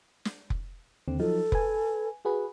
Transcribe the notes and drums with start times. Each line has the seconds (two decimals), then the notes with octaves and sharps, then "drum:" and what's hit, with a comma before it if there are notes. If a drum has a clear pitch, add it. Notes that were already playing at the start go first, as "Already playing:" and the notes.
0.25 drum: snare
0.50 drum: kick F1
1.08 D#2 D3 C4
1.20 F3 F#3 D#4 A4
1.52 B4 G#5, drum: kick F1
2.25 F#4 G#4 B4